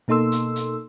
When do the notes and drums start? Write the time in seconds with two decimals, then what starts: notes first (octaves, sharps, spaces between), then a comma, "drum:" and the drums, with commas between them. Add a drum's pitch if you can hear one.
0.08 B2 A#3 D#4 A4 C6 E6
0.32 drum: hi-hat
0.56 drum: hi-hat